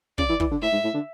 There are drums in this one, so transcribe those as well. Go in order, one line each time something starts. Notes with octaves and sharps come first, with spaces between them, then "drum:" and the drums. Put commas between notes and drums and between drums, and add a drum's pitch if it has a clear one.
C#3 D5, drum: kick
E3
E3, drum: kick
D3
A2 E5
G#2
A2
D3